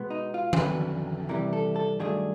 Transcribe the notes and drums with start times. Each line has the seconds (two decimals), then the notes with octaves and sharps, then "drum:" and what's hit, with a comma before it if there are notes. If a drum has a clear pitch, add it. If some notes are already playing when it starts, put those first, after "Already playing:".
Already playing: B2 G#3 B3
0.10 D#4
0.34 F4
0.53 C5, drum: tom D#3
0.57 F2 D3 F#3 B3 B4
1.29 C3 E3 G3 A#4
1.53 A4
1.76 A4
2.00 G2 D#3 F#3 A3 D4 G#4